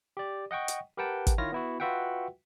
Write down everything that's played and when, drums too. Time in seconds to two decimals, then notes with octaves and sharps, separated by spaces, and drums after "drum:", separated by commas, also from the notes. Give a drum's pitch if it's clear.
0.17 G4 D5
0.51 D#5 F#5 G5 C#6
0.68 drum: hi-hat
0.97 G4 A#4 B4 F#5 G5 A5
1.27 drum: kick, hi-hat
1.38 D#3 E4 F4 C#5 F6 A#6
1.52 B3 E4 F#4
1.80 F4 F#4 B4 E5 F#5 G5